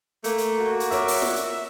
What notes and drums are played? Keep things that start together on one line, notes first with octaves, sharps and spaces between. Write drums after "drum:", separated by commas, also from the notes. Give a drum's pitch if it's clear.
A3 A#3, drum: hi-hat
drum: hi-hat
F#4
drum: hi-hat
A#4 C#5 E5 D6, drum: hi-hat
drum: open hi-hat
drum: snare
drum: hi-hat